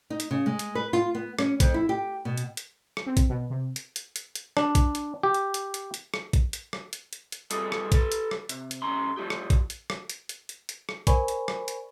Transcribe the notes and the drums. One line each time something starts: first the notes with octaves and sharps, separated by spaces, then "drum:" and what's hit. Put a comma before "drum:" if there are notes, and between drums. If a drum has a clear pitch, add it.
D#4
drum: hi-hat
C#3
G#3
drum: hi-hat
B4
F4
B3
C#4, drum: rim click
F2, drum: kick A#1, hi-hat
E4
G4
B2
drum: hi-hat
drum: hi-hat
drum: rim click
C4
drum: kick A#1, hi-hat
B2
C3
drum: hi-hat
drum: hi-hat
drum: hi-hat
drum: hi-hat
D4, drum: rim click
drum: kick A#1, hi-hat
drum: hi-hat
G4
drum: hi-hat
drum: hi-hat
drum: hi-hat
drum: hi-hat
drum: rim click
drum: kick A#1, hi-hat
drum: hi-hat
drum: rim click
drum: hi-hat
drum: hi-hat
drum: hi-hat
G3 B3 F4 G#4 A4 D#5, drum: hi-hat
drum: rim click
A4 B4, drum: kick A#1, hi-hat
drum: hi-hat
drum: rim click
C3, drum: hi-hat
drum: hi-hat
B1 C#4 A#5 C6
F3 G3 A3 F4 G4
drum: rim click
drum: kick A#1, hi-hat
drum: hi-hat
drum: rim click
drum: hi-hat
drum: hi-hat
drum: hi-hat
drum: hi-hat
drum: rim click
A#4 C5 D5 G#5 B5 C#6, drum: kick A#1, hi-hat
drum: hi-hat
drum: rim click
drum: hi-hat